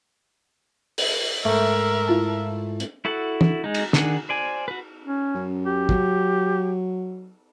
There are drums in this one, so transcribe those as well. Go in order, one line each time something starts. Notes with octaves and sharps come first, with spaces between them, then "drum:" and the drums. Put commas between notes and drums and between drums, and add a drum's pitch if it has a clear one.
drum: open hi-hat
G#2 A3 A#4 E5
E4 F4 A5
drum: hi-hat
E4 F#4 A4 F#5
drum: tom
G#3 D#4
drum: cymbal
D#3 D4 G#4 F#5, drum: snare
C5 D5 G#5
F#4 B4
C#4
F#2
G4
F#3, drum: kick